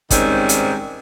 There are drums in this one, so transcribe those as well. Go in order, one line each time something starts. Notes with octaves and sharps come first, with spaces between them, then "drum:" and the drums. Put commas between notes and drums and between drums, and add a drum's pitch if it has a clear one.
G#2 D#3 G3 C4 C#4, drum: kick, hi-hat
drum: hi-hat